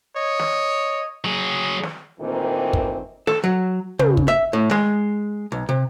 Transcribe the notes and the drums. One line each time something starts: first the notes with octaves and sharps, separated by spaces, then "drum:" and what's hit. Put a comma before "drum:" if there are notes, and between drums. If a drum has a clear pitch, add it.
C#5 D#5
drum: snare
F#3 G#4
drum: snare
D2 A#2 D#3 E3 A#3 C4
drum: kick
A4, drum: snare
F#3
C#3, drum: tom
drum: kick
E5
A2
G#3, drum: snare
B1
C3